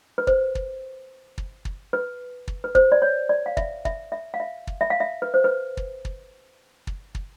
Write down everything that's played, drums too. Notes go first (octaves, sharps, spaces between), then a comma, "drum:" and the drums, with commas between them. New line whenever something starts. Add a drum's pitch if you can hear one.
B4
C5, drum: kick
drum: kick
drum: kick
drum: kick
B4
drum: kick
B4
C5, drum: kick
D5
C#5
D5
F5
E5, drum: kick
E5, drum: kick
E5
F5
E5
drum: kick
E5
F5
E5
B4
C5
B4
drum: kick
drum: kick
drum: kick
drum: kick